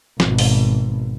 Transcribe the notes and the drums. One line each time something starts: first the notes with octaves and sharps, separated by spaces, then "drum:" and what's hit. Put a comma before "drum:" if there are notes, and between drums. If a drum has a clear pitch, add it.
G#1 B2, drum: snare
drum: open hi-hat